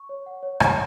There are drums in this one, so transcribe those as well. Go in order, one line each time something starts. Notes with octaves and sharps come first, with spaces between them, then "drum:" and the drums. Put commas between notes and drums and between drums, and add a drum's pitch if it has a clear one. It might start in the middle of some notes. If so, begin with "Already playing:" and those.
Already playing: C#6
C#5
F#5
C#5
C#5, drum: rim click